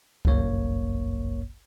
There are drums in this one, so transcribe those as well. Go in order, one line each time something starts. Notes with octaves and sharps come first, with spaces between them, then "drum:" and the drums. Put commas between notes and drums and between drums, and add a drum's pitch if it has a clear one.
G1 C2 F#2 A#3 C#5, drum: kick C#2